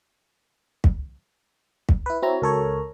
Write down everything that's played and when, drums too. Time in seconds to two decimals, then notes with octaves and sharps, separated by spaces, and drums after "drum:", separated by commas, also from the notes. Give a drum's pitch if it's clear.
0.84 drum: kick
1.89 drum: kick
2.06 E4 B4
2.22 C4 E4 F#4 C#5 A#5
2.42 C#2 A4 A#4 C#5 A#5